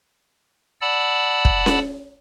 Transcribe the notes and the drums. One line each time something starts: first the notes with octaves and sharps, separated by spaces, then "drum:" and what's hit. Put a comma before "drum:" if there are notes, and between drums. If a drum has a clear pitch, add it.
D5 F#5 A5 B5 E6
drum: kick
drum: snare C#4